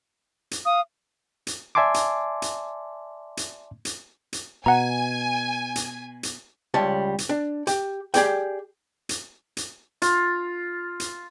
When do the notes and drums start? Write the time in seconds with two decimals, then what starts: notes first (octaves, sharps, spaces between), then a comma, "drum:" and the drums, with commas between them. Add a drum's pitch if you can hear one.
0.51 drum: hi-hat
0.65 F5 D#6
1.47 drum: hi-hat
1.75 D5 E5 G#5 A5 C6 D6
1.94 drum: hi-hat
2.42 drum: hi-hat
3.37 drum: hi-hat
3.85 drum: hi-hat
4.33 drum: hi-hat
4.66 B2 F#5 G#5 A#5
5.76 drum: hi-hat
6.23 drum: hi-hat
6.74 C#2 G3 C#5 A5
7.18 drum: hi-hat
7.29 D4
7.67 G4, drum: hi-hat
8.14 G4 G#4 D5 G5, drum: hi-hat
9.09 drum: hi-hat
9.57 drum: hi-hat
10.02 F4, drum: hi-hat
11.00 drum: hi-hat